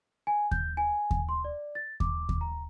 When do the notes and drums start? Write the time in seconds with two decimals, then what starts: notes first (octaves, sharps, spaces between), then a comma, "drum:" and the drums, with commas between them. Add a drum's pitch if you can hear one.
0.27 G#5
0.51 G6, drum: kick D#2
0.77 G#5
1.11 drum: kick D#2
1.29 C6
1.44 D5
1.75 A6
2.00 D6, drum: kick D#2
2.29 drum: kick D#2
2.41 A#5